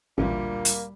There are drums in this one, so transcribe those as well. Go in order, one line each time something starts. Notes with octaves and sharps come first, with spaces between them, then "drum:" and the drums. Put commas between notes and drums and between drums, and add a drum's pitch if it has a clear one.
A1 D2 A#2 G3 A#3
drum: hi-hat